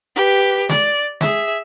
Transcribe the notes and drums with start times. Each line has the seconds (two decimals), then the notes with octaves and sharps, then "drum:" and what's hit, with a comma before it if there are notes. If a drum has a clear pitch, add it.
0.16 G4 B4
0.69 D5, drum: snare
1.21 G#4 E5, drum: snare